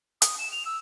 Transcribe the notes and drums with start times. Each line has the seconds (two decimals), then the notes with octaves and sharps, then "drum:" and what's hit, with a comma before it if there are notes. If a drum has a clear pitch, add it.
0.22 D#6, drum: hi-hat
0.39 E7
0.52 F7
0.66 E6